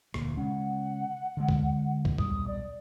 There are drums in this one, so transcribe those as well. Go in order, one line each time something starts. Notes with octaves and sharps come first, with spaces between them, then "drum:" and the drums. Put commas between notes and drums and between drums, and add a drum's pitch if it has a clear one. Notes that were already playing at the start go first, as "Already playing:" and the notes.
E1 D2 A#2, drum: rim click
C#3 G#3 C#4 F#5
D3 G#3
drum: kick
drum: kick
D#1 B1 G3 D#6, drum: kick
D5